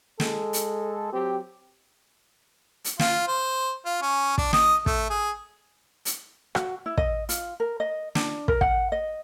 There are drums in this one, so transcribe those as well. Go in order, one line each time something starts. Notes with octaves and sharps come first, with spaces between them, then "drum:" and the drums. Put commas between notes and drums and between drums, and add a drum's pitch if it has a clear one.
G#3 A4, drum: snare
drum: hi-hat
F#3 C4 G4
drum: hi-hat
F4, drum: snare
C5
F4
C#4
D4, drum: kick
D#5, drum: snare
A3, drum: kick
G#4
drum: hi-hat
F#4, drum: rim click
E4
D#5, drum: kick
F4, drum: hi-hat
A#4
D#5
D4, drum: snare
A#4, drum: kick
F#5, drum: kick
D#5